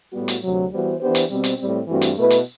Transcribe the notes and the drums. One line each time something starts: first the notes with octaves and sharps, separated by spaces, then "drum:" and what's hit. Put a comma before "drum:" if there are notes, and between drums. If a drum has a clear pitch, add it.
A2 G3 B3 F#4
drum: hi-hat
D2 C3 F#3
E3 G3 B3 F#4 C5
E3 B3 D4 G4 C5
drum: hi-hat
B2 G3 C4
drum: hi-hat
A2 G3 C4
G2 E3 A3 C4 F#4
drum: hi-hat
B2 A3 E4 B4
drum: hi-hat